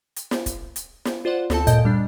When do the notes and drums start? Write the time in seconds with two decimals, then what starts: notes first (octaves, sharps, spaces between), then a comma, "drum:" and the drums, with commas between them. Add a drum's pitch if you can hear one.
0.16 drum: hi-hat
0.31 drum: snare
0.46 drum: kick, hi-hat
0.76 drum: hi-hat
1.05 drum: snare
1.25 F4 C5 D5 F#5
1.50 D2 C4 A4 A5, drum: snare
1.67 F#2 A#2 D#5 A5 G6 D7, drum: kick, hi-hat
1.85 G3 D4